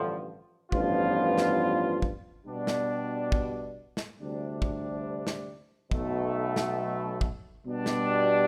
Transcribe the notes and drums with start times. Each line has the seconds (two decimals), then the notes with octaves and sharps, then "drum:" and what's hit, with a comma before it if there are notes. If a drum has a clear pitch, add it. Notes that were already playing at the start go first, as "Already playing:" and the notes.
Already playing: A1 G2 D3 F3
0.72 A1 G2 F3 B3 F4, drum: kick
1.38 drum: snare
2.02 drum: kick
2.45 B2 G3 D4
2.67 drum: snare
3.32 drum: kick
3.97 drum: snare
4.19 D2 C3 G3 D4
4.62 drum: kick
5.27 drum: snare
5.91 B1 B2 A3, drum: kick
6.56 drum: snare
7.21 drum: kick
7.65 B2 G3 D4
7.86 drum: snare